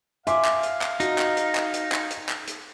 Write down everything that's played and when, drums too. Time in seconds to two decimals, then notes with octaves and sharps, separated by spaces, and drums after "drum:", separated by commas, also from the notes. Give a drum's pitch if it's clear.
0.27 E5 F5 G#5 C6 D6, drum: hi-hat
0.45 drum: clap
0.63 drum: hi-hat
0.81 drum: clap
1.00 D#4 F#4, drum: hi-hat
1.18 drum: clap
1.37 drum: hi-hat
1.55 drum: clap
1.74 drum: hi-hat
1.92 drum: clap
2.10 drum: hi-hat
2.29 drum: clap
2.47 drum: hi-hat